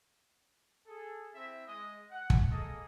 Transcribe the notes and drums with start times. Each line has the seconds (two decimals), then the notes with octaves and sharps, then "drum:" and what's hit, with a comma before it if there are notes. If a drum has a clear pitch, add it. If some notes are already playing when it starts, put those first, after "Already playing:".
0.86 G#4 A4
1.35 C4 E4 E5
1.67 G#3 D#5
2.11 F#5
2.30 drum: kick
2.51 A#3 G#4 A4 D#5 D#6